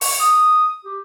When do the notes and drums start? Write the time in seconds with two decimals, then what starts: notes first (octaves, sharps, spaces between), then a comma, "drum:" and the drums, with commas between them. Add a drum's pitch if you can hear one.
0.01 C#6, drum: open hi-hat
0.20 D#6
0.85 G4